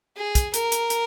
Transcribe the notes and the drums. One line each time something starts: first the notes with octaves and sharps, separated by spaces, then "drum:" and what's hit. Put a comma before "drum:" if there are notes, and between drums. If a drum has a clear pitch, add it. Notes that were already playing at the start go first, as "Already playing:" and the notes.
G#4
drum: kick, hi-hat
A#4, drum: hi-hat
drum: hi-hat
drum: hi-hat